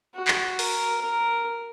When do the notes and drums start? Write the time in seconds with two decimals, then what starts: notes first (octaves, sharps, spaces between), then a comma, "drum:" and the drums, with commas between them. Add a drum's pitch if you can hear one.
0.15 F#4
0.28 drum: clap
0.59 A#4, drum: open hi-hat
1.02 A#4